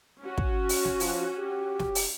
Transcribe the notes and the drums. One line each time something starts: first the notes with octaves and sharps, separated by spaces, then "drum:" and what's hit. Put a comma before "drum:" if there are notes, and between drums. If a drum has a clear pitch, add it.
C#4 F#4
drum: kick
drum: open hi-hat
drum: snare
F3, drum: open hi-hat
G4
drum: snare
drum: open hi-hat